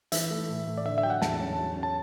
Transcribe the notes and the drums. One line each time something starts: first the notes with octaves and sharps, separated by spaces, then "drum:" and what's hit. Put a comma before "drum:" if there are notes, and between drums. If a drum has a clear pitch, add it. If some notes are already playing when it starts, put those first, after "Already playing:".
E3 E5, drum: hi-hat
A3
A2
A2
D5
D3 E5
E5
F#3 G5
F#5
E2 A5, drum: snare
C#4
F#3
C#4
A5